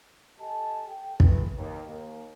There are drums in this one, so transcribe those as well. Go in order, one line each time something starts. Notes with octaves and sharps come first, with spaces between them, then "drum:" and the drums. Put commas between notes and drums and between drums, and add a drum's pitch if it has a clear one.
G4 A4 D#5 G#5 A5
A4 G5
A3 F4 G#4 A4 B4, drum: kick
D#2
D#2 A#3